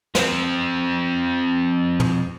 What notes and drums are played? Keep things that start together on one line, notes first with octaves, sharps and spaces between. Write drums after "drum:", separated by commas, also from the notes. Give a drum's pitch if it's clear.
F3 C4, drum: snare
drum: tom